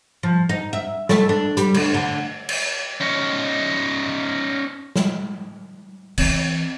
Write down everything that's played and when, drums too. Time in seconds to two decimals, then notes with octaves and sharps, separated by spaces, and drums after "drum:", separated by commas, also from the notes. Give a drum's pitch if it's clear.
0.23 F3
0.49 D#4
0.73 E5
1.09 A3, drum: snare
1.29 D4
1.57 G3, drum: hi-hat
1.74 D2, drum: cymbal
1.94 D3
2.49 drum: cymbal
3.00 C#4 D#4
4.96 drum: snare
6.18 E3 C4, drum: cymbal